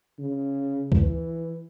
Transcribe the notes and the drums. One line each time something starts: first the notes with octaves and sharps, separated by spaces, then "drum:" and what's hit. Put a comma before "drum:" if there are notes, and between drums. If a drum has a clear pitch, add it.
C#3
E3, drum: kick